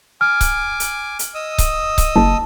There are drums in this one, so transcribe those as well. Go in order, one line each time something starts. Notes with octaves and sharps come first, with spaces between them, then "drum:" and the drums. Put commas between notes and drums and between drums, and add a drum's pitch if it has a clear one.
G#5 D6 F6
drum: kick C#1, hi-hat
drum: hi-hat
drum: hi-hat
D#5 D#6 E6
drum: kick C#1, hi-hat
drum: kick C#1, hi-hat
F#1 A5